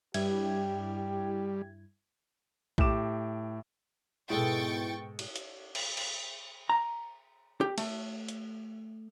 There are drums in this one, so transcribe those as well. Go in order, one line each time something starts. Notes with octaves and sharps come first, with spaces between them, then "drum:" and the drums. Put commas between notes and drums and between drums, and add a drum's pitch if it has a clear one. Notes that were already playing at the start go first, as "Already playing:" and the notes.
G2 G3 E4 G4 G#6, drum: cymbal
A2 G4 D6 E7, drum: kick A#1
G#2 B2 G#3 E4 A4 G5 C#6 A6
drum: cymbal
drum: hi-hat
drum: cymbal
drum: cymbal
A#5
G4
A3, drum: cymbal
drum: hi-hat